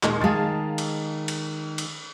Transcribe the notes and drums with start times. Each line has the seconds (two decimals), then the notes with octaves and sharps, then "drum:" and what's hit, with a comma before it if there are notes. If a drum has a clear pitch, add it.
0.03 D#2 A#2 G#3, drum: clap
0.21 D#3 G#3 F5 A5 A6
0.78 drum: cymbal
1.28 drum: cymbal
1.78 drum: cymbal